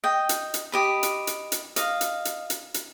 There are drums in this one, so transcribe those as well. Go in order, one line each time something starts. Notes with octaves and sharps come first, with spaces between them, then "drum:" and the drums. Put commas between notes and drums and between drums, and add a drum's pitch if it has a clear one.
D#5 G5
drum: hi-hat
drum: hi-hat
G4 D#5 B5
drum: hi-hat
drum: hi-hat
drum: hi-hat
D#5 F5, drum: hi-hat
drum: hi-hat
drum: hi-hat
drum: hi-hat
drum: hi-hat